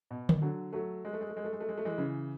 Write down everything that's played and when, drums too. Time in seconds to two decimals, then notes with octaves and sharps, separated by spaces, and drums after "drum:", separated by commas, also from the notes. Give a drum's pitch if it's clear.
0.11 B2
0.29 drum: tom D3
0.42 D3 F#3
0.73 F#3 A3
1.05 G#3
1.13 A3
1.21 G#3
1.29 A3
1.37 G#3
1.44 A3
1.53 G#3
1.60 A3
1.69 G#3
1.77 A3
1.85 E3 G#3
1.98 C#3 E3